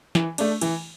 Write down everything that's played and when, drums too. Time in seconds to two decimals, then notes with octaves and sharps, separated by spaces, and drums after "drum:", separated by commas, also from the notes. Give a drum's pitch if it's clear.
0.15 E3, drum: snare
0.38 A3 D4, drum: cymbal
0.61 E3, drum: cymbal